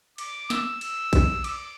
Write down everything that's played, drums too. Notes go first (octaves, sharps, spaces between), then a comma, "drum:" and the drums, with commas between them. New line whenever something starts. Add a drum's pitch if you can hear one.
D6, drum: cymbal
E6, drum: snare
drum: cymbal
drum: kick A#1, cymbal
D6, drum: cymbal